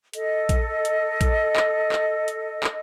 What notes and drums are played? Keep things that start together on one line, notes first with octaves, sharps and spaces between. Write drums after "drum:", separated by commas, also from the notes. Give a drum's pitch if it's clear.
A4 D#5, drum: hi-hat
drum: kick, hi-hat
drum: hi-hat
drum: kick, hi-hat
drum: clap
drum: clap
drum: hi-hat
drum: clap